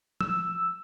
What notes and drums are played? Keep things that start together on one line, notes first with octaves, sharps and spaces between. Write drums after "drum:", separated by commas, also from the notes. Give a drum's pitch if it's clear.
E6, drum: tom F3